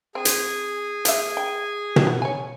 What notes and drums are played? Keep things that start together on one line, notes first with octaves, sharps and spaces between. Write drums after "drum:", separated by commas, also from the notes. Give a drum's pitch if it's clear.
C4 G#4 G#5
drum: hi-hat
A#3 E5, drum: hi-hat
G5
drum: tom
B3
C#5 G#5